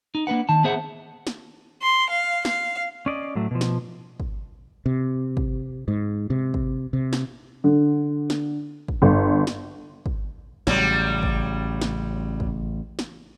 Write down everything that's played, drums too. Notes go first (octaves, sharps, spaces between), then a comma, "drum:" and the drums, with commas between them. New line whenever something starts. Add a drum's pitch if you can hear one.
D#4
A#3 D4 B4 F#5
D#3 A5
B3 G#4 C5 E5 F#5
drum: snare
C6
F5
F5, drum: snare
C#4 D5 D#5
A2 F#3 A3
B2 F3
drum: snare
drum: kick
C3
drum: kick
G#2
C3
drum: kick
C3
drum: snare
D3
drum: snare
drum: kick
G1
drum: snare
drum: kick
A1 C#3 F#3 G3, drum: snare
drum: kick
drum: snare
drum: kick
drum: snare